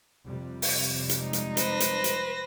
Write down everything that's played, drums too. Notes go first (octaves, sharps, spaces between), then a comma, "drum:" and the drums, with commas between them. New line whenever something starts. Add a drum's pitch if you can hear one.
F2 C3 G3
drum: open hi-hat
drum: hi-hat
G#3 D#4
drum: hi-hat
B4 C5 A#6, drum: hi-hat
drum: hi-hat
drum: hi-hat